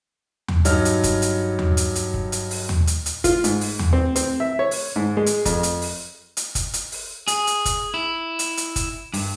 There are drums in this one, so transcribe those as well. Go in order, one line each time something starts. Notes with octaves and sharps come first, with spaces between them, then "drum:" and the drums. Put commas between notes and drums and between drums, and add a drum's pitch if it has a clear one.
drum: tom
G2 F#3 D#4 F6, drum: hi-hat
drum: hi-hat
drum: kick F#1, hi-hat
drum: hi-hat
drum: tom
drum: hi-hat
drum: hi-hat
drum: kick F#1
drum: hi-hat
drum: open hi-hat
drum: tom
drum: hi-hat
drum: hi-hat
F4, drum: kick F#1, hi-hat
G#2, drum: hi-hat
drum: open hi-hat
drum: tom
C4
C4, drum: hi-hat
E5
C#5
drum: open hi-hat
G#2
G#3
drum: hi-hat
F2, drum: kick F#1, hi-hat
drum: hi-hat
drum: open hi-hat
drum: hi-hat
drum: kick F#1, hi-hat
drum: hi-hat
drum: open hi-hat
G#4, drum: hi-hat
drum: hi-hat
drum: kick F#1, hi-hat
E4
drum: hi-hat
drum: hi-hat
drum: kick F#1, hi-hat
G2, drum: open hi-hat